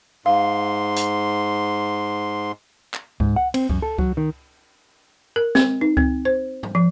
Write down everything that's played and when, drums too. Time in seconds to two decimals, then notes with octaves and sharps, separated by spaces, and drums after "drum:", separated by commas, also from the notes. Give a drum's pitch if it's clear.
0.26 G#2 F5 C6
0.96 drum: hi-hat
2.94 drum: clap
3.20 G#2, drum: kick C#2
3.36 F#5
3.54 C4, drum: cymbal
3.70 F#2, drum: kick C#2
3.82 A4
3.98 F#3, drum: kick C#2
4.17 D#3
5.36 A#4
5.55 C4, drum: snare
5.81 D#4
5.97 C4, drum: kick C#2
6.25 C5
6.63 drum: tom
6.75 F3